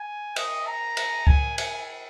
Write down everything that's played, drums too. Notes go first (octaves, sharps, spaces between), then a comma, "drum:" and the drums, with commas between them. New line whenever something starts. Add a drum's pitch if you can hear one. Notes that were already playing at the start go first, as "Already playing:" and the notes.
Already playing: G#5
D#5, drum: cymbal
A#5
drum: cymbal
G#5, drum: kick C#2
G#5, drum: cymbal